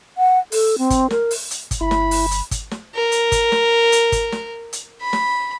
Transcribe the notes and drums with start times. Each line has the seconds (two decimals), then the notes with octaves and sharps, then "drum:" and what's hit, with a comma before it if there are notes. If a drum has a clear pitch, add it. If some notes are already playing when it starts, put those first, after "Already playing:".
0.18 F#5
0.52 A4, drum: open hi-hat
0.78 C4
0.90 drum: kick, hi-hat
1.10 A#4, drum: snare
1.31 drum: open hi-hat
1.51 drum: hi-hat
1.71 drum: kick, hi-hat
1.81 G1 E4 B5
1.91 drum: snare
2.11 drum: open hi-hat
2.31 drum: hi-hat
2.51 drum: kick, hi-hat
2.71 drum: snare
2.95 A#4
3.12 drum: hi-hat
3.32 drum: kick, hi-hat
3.52 drum: snare
3.92 drum: hi-hat
4.12 drum: kick, hi-hat
4.32 drum: snare
4.73 drum: hi-hat
5.01 B5
5.13 drum: snare